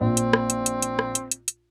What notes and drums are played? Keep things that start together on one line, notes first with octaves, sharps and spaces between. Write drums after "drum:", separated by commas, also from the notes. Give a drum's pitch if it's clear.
A#1 C4
drum: hi-hat
drum: rim click
drum: hi-hat
drum: hi-hat
drum: hi-hat
drum: rim click
drum: hi-hat
drum: hi-hat
drum: hi-hat